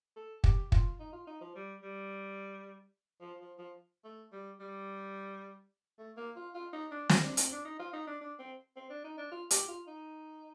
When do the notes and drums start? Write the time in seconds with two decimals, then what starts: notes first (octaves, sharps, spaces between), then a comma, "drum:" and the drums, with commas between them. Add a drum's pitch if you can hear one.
0.16 A4
0.44 G4, drum: kick
0.72 F4, drum: kick
1.00 D#4
1.13 F4
1.27 D#4
1.41 F3
1.55 G3
1.83 G3
3.21 F3
3.40 F3
3.58 F3
4.04 A3
4.32 G3
4.60 G3
5.99 A3
6.17 A#3
6.36 F4
6.54 F4
6.73 D#4
6.92 D4
7.09 C4, drum: snare
7.24 D4
7.37 C4, drum: hi-hat
7.52 D4
7.65 D#4
7.79 F4
7.93 D#4
8.07 D4
8.21 D4
8.39 C4
8.76 C4
8.90 D4
9.04 D#4
9.18 D4
9.31 F4
9.51 G4, drum: hi-hat
9.68 F4
9.87 D#4